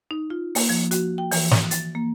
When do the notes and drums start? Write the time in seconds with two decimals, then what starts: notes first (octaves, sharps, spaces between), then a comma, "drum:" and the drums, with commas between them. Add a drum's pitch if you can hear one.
0.11 D#4
0.30 F4
0.55 A#3, drum: open hi-hat
0.69 F3
0.91 F#4, drum: hi-hat
1.18 G5
1.31 E3, drum: open hi-hat
1.51 drum: snare
1.71 A6, drum: hi-hat
1.95 A#3